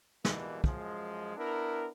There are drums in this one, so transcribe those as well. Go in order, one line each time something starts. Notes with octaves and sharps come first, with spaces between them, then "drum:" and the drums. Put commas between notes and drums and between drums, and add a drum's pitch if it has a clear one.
B2 E3 G3 G#3 A#3, drum: snare
F#2 F3 G#3, drum: kick
B3 D4 E4 A#4